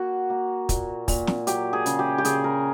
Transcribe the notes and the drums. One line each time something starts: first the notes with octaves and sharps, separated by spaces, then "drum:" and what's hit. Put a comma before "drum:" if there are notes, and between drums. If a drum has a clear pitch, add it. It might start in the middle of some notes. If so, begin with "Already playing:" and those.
Already playing: A#3 F#4
A#3
A#2, drum: kick, hi-hat
A#2, drum: kick, open hi-hat
drum: snare
F#3 G4, drum: hi-hat
G#4
C#3, drum: hi-hat
G4
G4
C#3 G#4, drum: hi-hat
A#4